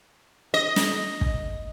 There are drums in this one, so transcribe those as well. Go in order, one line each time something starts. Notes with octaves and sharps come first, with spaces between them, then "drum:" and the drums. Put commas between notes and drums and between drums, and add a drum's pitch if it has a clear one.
D#5
drum: snare
drum: kick